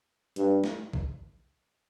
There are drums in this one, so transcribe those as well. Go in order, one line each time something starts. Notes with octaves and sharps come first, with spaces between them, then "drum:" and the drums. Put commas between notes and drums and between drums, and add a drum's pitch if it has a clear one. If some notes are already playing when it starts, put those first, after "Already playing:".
G2, drum: hi-hat
drum: snare
drum: kick